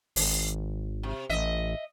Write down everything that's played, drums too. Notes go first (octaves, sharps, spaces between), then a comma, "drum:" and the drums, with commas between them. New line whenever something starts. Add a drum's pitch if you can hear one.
G#1, drum: open hi-hat
C3
A1 D#5 E5